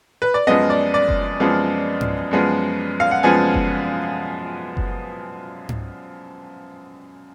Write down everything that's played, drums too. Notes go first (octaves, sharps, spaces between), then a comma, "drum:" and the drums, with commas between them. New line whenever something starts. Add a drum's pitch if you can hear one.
B4
D5
F#2 F3 G#3 B3 D#5
D5
D5
drum: kick F#1
F#2 F3 G#3 B3
drum: tom G#2
F#2 F3 G#3 B3
F5
F#5
F#2 F3 G#3 B3 G#5
drum: kick F#1
drum: kick F#1
drum: tom G#2